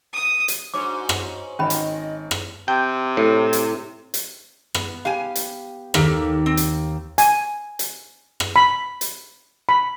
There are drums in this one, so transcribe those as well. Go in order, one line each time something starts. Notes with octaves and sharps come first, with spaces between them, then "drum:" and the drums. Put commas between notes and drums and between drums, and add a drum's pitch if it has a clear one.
D#6
drum: hi-hat
G#2 D4 F#4 C5 C#5 D6
drum: rim click
G#1 C#4 D#5 G5 B5
drum: hi-hat
drum: rim click
C3 G5
A2
drum: hi-hat
drum: hi-hat
B3, drum: rim click
G4 F5 G#5
drum: hi-hat
D#2 A#3 G4 A4, drum: rim click
C4
drum: hi-hat
G#5, drum: hi-hat
drum: hi-hat
drum: rim click
B5
drum: hi-hat
B5